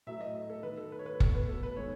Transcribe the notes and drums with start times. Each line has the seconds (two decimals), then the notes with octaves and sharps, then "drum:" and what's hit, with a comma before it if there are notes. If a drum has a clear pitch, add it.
0.07 A2 F#3 A3 E5
0.21 D#5
0.50 A4
0.63 D#3 A3 B4
0.77 A4
0.92 B4
0.99 C#5
1.06 B4
1.20 B2 A3, drum: kick F#1
1.35 B4
1.49 A4
1.63 B4
1.76 D#3 G#3 B3 C#5